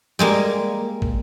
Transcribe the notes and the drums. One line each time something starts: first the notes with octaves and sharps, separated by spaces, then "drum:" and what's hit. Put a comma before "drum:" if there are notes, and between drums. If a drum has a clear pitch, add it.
G3 G#3 A#3
drum: kick